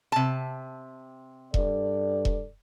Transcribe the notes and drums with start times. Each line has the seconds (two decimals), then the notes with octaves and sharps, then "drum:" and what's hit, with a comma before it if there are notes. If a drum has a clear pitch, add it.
0.12 C3 A5
1.54 G2 A4 D5, drum: kick E1
2.25 drum: kick E1